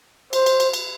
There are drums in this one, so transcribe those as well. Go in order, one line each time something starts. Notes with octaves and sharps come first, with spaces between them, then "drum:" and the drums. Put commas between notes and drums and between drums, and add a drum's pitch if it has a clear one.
C5, drum: cymbal
drum: cymbal
drum: cymbal
drum: cymbal